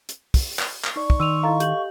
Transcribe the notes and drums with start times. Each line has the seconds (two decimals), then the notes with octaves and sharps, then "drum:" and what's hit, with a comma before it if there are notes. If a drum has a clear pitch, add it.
0.09 drum: hi-hat
0.34 drum: kick, open hi-hat
0.59 drum: clap
0.85 drum: clap
0.96 D#4 D5 C#6
1.10 drum: kick
1.20 D#3 C6 E6 D#7 F7
1.43 E4 A4 D#5 F5 A#5
1.60 G4 G6 F#7, drum: hi-hat